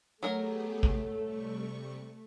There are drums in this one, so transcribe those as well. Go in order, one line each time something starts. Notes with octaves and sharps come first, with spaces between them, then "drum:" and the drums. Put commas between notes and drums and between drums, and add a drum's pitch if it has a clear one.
F#3 A3 B3 G4 G#4 A#4
drum: kick A1
C3 G3 C#6